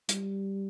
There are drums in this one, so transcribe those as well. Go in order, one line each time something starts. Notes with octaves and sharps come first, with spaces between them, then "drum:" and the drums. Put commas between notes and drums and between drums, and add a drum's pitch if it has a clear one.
G3, drum: hi-hat